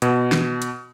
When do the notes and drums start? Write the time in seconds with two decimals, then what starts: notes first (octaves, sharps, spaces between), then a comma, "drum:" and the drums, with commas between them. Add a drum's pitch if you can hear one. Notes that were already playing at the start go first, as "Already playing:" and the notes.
0.02 B2, drum: hi-hat
0.32 drum: snare
0.62 drum: hi-hat